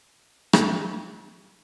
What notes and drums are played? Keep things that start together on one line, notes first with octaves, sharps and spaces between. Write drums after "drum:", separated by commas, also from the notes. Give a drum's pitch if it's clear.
C4 E4 G5
drum: rim click